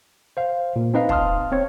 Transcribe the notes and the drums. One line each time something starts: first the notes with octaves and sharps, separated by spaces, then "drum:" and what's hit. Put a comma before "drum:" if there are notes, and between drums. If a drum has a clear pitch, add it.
C5 F5
A#2
C4 D#4 B4 D#5 F5
F5 A5 C6 D#6 F6, drum: kick
C4 C#5